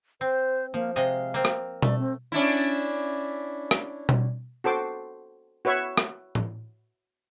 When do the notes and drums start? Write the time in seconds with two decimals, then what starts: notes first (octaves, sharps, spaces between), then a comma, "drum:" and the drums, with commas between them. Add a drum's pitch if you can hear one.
0.21 C4 C5
0.74 F3 A#3
0.96 C3 G#3 D#5 F5
1.34 A#3 C4
1.45 drum: rim click
1.82 A3 D5, drum: tom B2
1.99 C4
2.32 C#4 D4 E4
3.71 drum: rim click
4.09 drum: tom B2
4.64 F#4 A4 C5 D6
5.65 F#4 B4 C#5 E5 C#6
5.97 drum: rim click
6.35 drum: tom A2